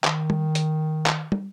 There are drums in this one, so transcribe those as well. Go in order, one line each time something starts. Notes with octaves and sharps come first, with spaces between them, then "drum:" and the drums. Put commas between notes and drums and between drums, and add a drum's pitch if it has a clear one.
D#3, drum: clap
drum: tom
drum: hi-hat
drum: clap
drum: tom